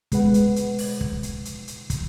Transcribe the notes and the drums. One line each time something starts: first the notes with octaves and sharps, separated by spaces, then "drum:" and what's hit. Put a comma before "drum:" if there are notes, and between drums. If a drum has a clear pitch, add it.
B2 G#3 B4 F#5, drum: kick, hi-hat
drum: hi-hat
drum: hi-hat
drum: open hi-hat
drum: kick
drum: hi-hat
drum: hi-hat
drum: hi-hat
drum: kick, hi-hat